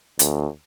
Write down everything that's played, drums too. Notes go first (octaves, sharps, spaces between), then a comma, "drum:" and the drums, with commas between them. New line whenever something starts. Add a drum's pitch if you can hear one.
D2, drum: hi-hat